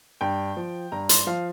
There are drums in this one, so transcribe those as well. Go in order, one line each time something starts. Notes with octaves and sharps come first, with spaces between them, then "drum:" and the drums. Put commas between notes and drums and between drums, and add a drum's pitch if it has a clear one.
G2 G5
F3
G2 A#5
C6, drum: hi-hat
F3 F5